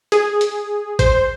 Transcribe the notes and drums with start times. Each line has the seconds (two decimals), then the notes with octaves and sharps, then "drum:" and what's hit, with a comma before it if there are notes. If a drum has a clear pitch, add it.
0.12 G#4, drum: hi-hat
0.41 drum: hi-hat
0.99 C5, drum: kick, hi-hat